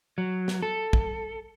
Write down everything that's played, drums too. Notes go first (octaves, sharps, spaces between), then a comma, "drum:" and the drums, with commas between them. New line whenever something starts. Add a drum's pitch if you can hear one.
F#3
drum: snare
A4
drum: kick